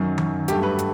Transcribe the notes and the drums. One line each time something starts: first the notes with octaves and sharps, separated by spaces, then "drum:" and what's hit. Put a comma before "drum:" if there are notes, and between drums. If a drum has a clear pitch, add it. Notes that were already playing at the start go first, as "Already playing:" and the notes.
Already playing: F#2 D#3 F#3
drum: tom D#3
G2 F#3 A3 G4, drum: hi-hat
B4
drum: hi-hat